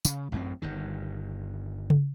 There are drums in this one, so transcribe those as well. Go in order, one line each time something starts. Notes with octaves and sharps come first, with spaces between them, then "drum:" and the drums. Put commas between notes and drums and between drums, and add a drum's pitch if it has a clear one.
C#3, drum: tambourine
A1 F#2 A#3 C4
G1 G2 D#3
drum: tom C#3